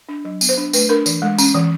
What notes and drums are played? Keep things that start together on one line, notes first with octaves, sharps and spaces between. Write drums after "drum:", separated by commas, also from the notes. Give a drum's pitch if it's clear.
D4
F#3
B3, drum: tambourine
C5
D4
A3 B4, drum: tambourine
D4 A#4
E3, drum: tambourine
G#3
C#4, drum: tambourine
E3